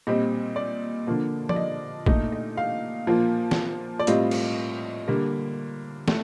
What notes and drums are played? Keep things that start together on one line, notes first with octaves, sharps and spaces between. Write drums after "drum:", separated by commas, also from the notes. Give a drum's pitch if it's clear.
A#2 G3 C4 D#5
D5
D3 F3 A#3
D5, drum: tom F3
D#5
A#2 A3 D#4 D#5, drum: kick A1
D#5
F5
A#2 F3 A#3 F4
drum: snare
D5
A2 G3 C4 F4 D#5, drum: hi-hat
drum: cymbal
D3 G3 A#3
A3, drum: snare